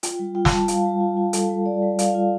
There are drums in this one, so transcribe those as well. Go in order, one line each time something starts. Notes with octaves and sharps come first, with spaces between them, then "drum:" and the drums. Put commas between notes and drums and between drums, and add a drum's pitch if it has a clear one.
F4 G5, drum: hi-hat
G3
F4 G5
A5, drum: snare
G3 G5
F4 F5, drum: hi-hat
G3
F4
F4
G3 A4, drum: hi-hat
G3
G3 D5
G3
G3 F5, drum: hi-hat
F4